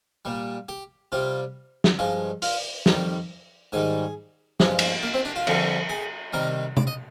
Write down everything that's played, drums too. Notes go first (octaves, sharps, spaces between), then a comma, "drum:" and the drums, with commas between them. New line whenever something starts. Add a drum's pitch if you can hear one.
A#2 G3
G4
C3 G3 F4
drum: snare
G2 F3 G#3 F4
F4, drum: open hi-hat
F2 D#3 G3 G4, drum: snare
G#2 D#3 G3 G#4
G2 F3 G#3, drum: snare
drum: cymbal
A#3
C4
D4
F4
F2 D3 G3, drum: cymbal
G#4
C3 D#3 G3 A#4
D5, drum: tom C3
D#5